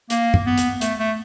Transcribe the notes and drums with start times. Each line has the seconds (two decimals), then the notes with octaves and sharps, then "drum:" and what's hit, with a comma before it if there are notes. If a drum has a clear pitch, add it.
0.10 A#3, drum: hi-hat
0.34 drum: tom F#2
0.46 B3
0.58 drum: hi-hat
0.81 A3, drum: hi-hat
0.99 A3